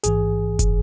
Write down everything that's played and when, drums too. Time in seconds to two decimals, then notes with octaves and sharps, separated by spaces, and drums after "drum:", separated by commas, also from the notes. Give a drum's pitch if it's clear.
0.04 A1 G#2 E3 G#4, drum: hi-hat
0.59 drum: kick F#1, hi-hat